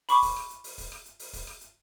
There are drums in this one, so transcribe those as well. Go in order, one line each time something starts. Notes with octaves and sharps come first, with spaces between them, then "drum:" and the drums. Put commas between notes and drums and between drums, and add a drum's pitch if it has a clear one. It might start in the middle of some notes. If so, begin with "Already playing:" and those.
B5 C#6 D6, drum: open hi-hat
drum: kick, open hi-hat
drum: rim click
drum: hi-hat
drum: open hi-hat
drum: kick, open hi-hat
drum: rim click
drum: hi-hat
drum: open hi-hat
drum: kick, open hi-hat
drum: rim click
drum: hi-hat